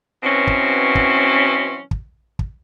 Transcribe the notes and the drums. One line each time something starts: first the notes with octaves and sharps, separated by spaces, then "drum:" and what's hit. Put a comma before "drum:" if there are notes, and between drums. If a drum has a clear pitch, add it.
B2 E3 F#3 C4 C#4
drum: kick
drum: kick
drum: kick
drum: kick